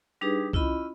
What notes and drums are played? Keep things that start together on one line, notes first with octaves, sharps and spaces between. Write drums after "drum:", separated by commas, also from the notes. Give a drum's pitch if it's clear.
G3 D4 D#4 G4 G#4 B4
C#4 E4 F4 D#5 B5, drum: kick C2